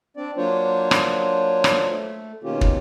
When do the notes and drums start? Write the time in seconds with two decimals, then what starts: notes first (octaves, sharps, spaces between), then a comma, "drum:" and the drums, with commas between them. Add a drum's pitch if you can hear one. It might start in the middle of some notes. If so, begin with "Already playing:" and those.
0.17 C4 D4 D5
0.37 F#3 A#3 D4 F4 C5 C#5
0.91 drum: rim click
1.64 drum: rim click
1.88 A3
2.43 B2 D#3 A#3 C#4 F4 G4
2.61 drum: kick